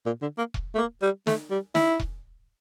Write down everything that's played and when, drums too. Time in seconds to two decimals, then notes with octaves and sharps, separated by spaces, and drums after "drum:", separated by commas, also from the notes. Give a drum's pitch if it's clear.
0.06 A#2
0.22 D3
0.38 A#3
0.54 drum: kick E1
0.75 A3
0.78 A#3
1.02 G3
1.27 A3, drum: snare
1.51 G3
1.75 E4, drum: snare
2.00 drum: kick E1